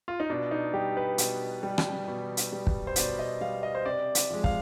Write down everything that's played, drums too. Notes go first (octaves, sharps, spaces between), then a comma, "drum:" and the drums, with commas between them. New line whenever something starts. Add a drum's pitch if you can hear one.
F4
D#4
B2 D4
D#4
G3 G4
B4
B2, drum: hi-hat
G3
drum: rim click
B2
drum: hi-hat
G3
drum: kick
C5
B2 D5, drum: hi-hat
D#5
G3 F5
D#5
C5
C3 D5
drum: hi-hat
F3 G#3
F5, drum: kick